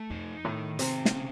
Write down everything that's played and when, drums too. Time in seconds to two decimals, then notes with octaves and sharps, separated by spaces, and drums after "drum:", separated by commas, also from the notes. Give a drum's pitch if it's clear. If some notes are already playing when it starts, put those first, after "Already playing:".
Already playing: A3
0.10 F2 D#4
0.44 A2 D#3
0.79 C3 C4, drum: hi-hat
1.05 drum: snare
1.15 C#3